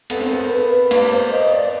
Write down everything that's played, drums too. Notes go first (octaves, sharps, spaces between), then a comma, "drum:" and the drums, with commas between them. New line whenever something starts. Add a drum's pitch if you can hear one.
B3 A4, drum: cymbal
C4
B3 A#4
B4
B4
A#3 B4, drum: cymbal
C5
D#5
D5